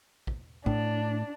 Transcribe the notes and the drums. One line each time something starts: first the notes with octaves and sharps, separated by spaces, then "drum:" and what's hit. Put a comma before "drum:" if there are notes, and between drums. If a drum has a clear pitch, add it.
drum: kick
A2 D4, drum: kick